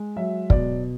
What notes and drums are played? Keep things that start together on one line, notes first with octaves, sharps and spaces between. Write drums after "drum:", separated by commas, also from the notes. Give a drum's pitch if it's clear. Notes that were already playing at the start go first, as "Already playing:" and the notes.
Already playing: G#3
F#3 E5
B2 D5, drum: kick